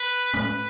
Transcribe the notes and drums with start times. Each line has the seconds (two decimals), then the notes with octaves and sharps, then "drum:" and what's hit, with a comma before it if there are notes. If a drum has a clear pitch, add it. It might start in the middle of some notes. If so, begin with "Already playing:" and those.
Already playing: B4
0.34 B4, drum: tom